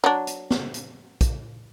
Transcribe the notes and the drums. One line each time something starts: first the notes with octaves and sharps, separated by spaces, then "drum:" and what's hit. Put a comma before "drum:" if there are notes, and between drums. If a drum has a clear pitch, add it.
F#3 D4
drum: hi-hat
drum: snare
drum: hi-hat
drum: kick, hi-hat